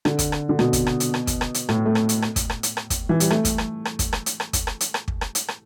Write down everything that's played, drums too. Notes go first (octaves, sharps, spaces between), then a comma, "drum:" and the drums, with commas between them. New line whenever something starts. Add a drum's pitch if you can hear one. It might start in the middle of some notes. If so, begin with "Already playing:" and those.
D3, drum: rim click
drum: kick, hi-hat
drum: rim click
D3
B2, drum: rim click
drum: kick, hi-hat
drum: rim click
drum: hi-hat
drum: rim click
drum: kick, hi-hat
drum: rim click
drum: hi-hat
A2, drum: rim click
A3
drum: rim click
drum: hi-hat
drum: rim click
drum: kick, hi-hat
drum: rim click
drum: hi-hat
drum: rim click
drum: kick, hi-hat
E3
G3, drum: hi-hat
A3, drum: rim click
drum: kick, hi-hat
drum: rim click
drum: rim click
drum: kick, hi-hat
drum: rim click
drum: hi-hat
drum: rim click
drum: kick, hi-hat
drum: rim click
drum: hi-hat
drum: rim click
drum: kick
drum: rim click
drum: hi-hat
drum: rim click